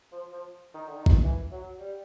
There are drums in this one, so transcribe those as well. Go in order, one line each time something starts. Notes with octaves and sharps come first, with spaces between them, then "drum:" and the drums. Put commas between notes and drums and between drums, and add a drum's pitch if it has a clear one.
F3
F3
D#3
D3
D#3
drum: kick A1
E3
F#3
G3